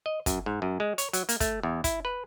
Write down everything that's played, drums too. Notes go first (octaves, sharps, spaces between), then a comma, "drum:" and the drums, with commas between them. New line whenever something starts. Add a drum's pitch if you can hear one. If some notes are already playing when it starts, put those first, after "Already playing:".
D#5
F#2, drum: kick, hi-hat
G#2
F#2
G#3
C#5, drum: hi-hat
F#3, drum: hi-hat
A#3, drum: hi-hat
A3, drum: kick, hi-hat
E2
E4, drum: kick, hi-hat
B4